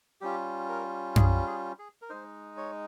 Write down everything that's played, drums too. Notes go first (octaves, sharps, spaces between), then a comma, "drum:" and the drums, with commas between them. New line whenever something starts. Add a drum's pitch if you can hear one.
G3 C#4 F4 G4
A#4
G#4, drum: tom F#2
G#4
G#4
A#4
G#3 D#4 C5
C#5